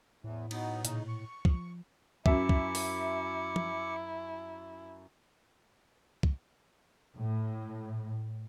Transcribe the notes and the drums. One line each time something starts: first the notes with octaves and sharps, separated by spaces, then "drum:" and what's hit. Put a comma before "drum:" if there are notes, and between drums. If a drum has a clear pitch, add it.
E2 A2 E3
F#3 B3 D#4, drum: cymbal
A#2 C#3 D#4, drum: hi-hat
C#6
F3, drum: kick
F#2 E4 E5 D6 C#7, drum: kick
drum: kick
drum: open hi-hat
drum: tom
drum: kick
A2